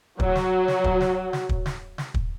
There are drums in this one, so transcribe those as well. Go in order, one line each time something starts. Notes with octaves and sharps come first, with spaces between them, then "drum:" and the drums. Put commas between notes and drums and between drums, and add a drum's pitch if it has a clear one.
F#3, drum: kick
drum: snare
drum: snare
drum: kick
drum: snare
drum: snare
drum: kick
drum: snare
drum: snare
drum: kick